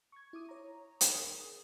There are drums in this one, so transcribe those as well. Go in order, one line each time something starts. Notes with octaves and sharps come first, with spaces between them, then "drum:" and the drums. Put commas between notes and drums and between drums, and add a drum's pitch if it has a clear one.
C#6 G#6
E4 D6 D#6
C#5 A#5
drum: hi-hat
G#4 A#4 D#6